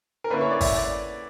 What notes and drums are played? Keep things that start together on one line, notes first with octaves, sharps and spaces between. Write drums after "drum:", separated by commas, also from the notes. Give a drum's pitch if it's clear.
A#4
D3 A#3 C#4 E4 B4
C#5
D5
E5, drum: kick G#1, open hi-hat
D5